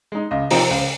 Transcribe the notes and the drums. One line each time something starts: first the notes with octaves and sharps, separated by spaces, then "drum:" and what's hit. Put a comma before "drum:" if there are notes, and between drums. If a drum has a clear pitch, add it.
G#3 D#4
C#2 D#5
C3 F3 C4 D#4 A#5, drum: open hi-hat
C#2